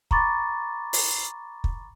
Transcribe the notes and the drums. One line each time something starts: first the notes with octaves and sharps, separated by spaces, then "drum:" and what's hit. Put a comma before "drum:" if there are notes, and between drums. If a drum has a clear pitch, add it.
A#5 B5 C#6 D6 A6, drum: kick
drum: open hi-hat
drum: kick